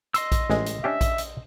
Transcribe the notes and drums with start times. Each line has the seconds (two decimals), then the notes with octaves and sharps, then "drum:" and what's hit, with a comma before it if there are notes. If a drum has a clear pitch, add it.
0.14 D#5 C6 E6, drum: hi-hat
0.32 drum: kick A#1, hi-hat
0.50 A1 G#3, drum: snare
0.66 drum: hi-hat
0.84 C#4 D4 G4 E5
1.01 drum: kick A#1, hi-hat
1.18 drum: hi-hat